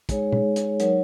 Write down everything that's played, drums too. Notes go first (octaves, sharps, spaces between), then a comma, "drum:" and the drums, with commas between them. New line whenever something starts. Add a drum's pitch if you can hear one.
G#3 D#4 G#4 C#5, drum: kick, hi-hat
drum: tom
drum: hi-hat
F#3 D#4 A#4 C#5, drum: hi-hat